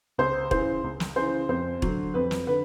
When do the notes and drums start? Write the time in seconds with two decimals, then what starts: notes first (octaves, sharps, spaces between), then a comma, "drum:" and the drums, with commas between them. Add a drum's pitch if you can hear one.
0.18 C#2 C5
0.51 C#3 E3 C5, drum: kick E1
0.84 C#2
1.00 drum: snare
1.16 C#3 E3 C5
1.49 F2 C5
1.82 D3 F#3, drum: kick E1
2.14 F2 B4
2.31 drum: snare
2.47 D3 B4